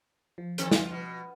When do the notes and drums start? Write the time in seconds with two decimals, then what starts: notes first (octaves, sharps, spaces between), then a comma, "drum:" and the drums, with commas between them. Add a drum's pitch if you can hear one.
0.38 F3
0.58 D#2 C4 A4, drum: hi-hat
0.71 F4, drum: snare
0.91 B2